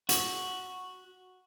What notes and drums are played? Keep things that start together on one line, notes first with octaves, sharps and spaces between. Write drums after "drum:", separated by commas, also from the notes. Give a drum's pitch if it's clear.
F#4, drum: hi-hat